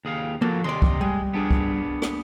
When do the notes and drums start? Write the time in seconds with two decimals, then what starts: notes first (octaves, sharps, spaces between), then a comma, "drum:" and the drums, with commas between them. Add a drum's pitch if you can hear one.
0.05 D#2 G#4 F5
0.42 F3 A#3 F#4 A4
0.64 D#2 C3 D5 D#5 C6
0.82 drum: kick
1.01 G3 G#3 G#4
1.33 B3 D4 G#4
1.51 drum: kick
2.02 drum: rim click